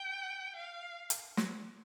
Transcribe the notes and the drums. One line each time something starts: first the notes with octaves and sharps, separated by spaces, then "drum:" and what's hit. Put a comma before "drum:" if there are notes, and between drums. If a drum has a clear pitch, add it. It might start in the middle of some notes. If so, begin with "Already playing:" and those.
Already playing: G5
F5
drum: hi-hat
drum: snare